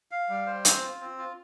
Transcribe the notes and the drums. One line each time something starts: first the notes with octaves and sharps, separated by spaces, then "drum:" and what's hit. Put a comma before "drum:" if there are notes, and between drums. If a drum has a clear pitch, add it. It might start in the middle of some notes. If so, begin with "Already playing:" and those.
F5
G3
C5
C4, drum: hi-hat
F4
C4
F4